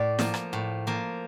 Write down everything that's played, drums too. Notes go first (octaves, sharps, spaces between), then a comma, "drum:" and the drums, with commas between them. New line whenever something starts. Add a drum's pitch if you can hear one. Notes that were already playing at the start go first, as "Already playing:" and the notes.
Already playing: A2 D5
F3 A#3, drum: snare
drum: rim click
A2
F3 A#3